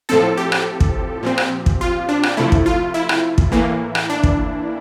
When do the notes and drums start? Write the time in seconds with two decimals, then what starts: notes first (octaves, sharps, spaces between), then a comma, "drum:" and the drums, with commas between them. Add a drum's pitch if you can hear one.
0.09 A2 F3 C4 A4
0.37 G4
0.52 drum: rim click
0.80 drum: kick
1.23 A#2 F3 C4
1.38 drum: rim click
1.66 drum: kick
1.81 F4
2.09 D4
2.23 drum: rim click
2.37 C3 F3 A3 E4
2.52 drum: kick
2.66 F4
2.94 E4
3.09 drum: rim click
3.38 drum: kick
3.52 A2 E3 A#3
3.95 drum: rim click
4.10 D4
4.23 drum: kick